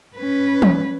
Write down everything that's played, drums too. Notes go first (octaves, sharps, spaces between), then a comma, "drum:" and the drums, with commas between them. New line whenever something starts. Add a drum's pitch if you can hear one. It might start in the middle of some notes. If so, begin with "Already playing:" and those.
C#4 B4
drum: tom